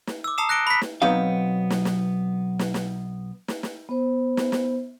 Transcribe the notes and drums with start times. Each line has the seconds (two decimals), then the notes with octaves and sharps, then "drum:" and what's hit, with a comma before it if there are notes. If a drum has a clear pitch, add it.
0.07 drum: snare
0.24 D6 E6
0.38 A5 A#5 D#6 C7 C#7 E7
0.49 F#6 A#6 C#7 D7 G7
0.67 B5 B6
0.81 drum: snare
1.02 B1 F#3 B3 C4 D#4 F5
1.70 drum: snare
1.85 drum: snare
2.59 drum: snare
2.74 drum: snare
3.48 drum: snare
3.63 drum: snare
3.89 B3 C5
4.37 drum: snare
4.52 drum: snare